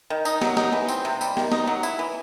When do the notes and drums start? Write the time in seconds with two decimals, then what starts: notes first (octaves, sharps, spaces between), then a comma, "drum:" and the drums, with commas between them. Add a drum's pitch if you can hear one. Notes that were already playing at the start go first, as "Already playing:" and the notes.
0.10 D#3
0.25 D#4, drum: tambourine
0.42 F#3, drum: snare
0.57 D#4, drum: snare
0.73 E3
0.88 C4, drum: tambourine
1.05 C3
1.21 G3, drum: tambourine
1.37 D#3, drum: snare
1.52 D#4, drum: snare
1.67 F#3
1.83 E4, drum: tambourine
1.99 E3